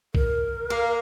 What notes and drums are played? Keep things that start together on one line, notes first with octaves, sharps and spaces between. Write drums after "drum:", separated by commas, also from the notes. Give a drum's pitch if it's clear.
A#4, drum: kick B1
A#3 F5